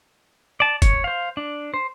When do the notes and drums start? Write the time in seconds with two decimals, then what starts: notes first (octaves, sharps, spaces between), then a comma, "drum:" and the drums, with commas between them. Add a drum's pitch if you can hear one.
0.60 D5 A5
0.82 C#5, drum: kick, hi-hat
1.04 C5 F5
1.37 D4
1.74 C5